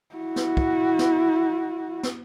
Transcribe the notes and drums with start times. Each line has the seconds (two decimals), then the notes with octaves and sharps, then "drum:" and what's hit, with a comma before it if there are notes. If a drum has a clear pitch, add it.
0.15 E4 F#4
0.36 drum: snare
0.57 drum: kick
0.99 drum: snare
2.03 drum: snare